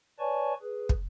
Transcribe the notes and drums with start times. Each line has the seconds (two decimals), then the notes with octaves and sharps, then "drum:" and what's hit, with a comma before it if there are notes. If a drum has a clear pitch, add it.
0.19 B4 C#5 D5 G#5 A5 C#6
0.62 G#4 B4
0.89 drum: kick